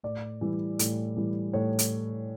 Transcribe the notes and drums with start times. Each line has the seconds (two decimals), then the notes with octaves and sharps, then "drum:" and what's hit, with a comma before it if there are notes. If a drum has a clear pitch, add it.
0.03 A2 D5
0.41 E3 G3
0.79 A2, drum: hi-hat
1.17 E3 G3
1.53 A2 C#5
1.79 drum: hi-hat